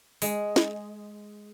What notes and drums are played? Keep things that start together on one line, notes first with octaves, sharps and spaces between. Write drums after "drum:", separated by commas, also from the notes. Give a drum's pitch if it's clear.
G#3, drum: open hi-hat
drum: snare